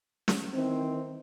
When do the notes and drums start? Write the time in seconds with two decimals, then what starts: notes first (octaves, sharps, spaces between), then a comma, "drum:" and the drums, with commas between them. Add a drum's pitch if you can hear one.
0.28 drum: snare
0.54 D#3 E3 C4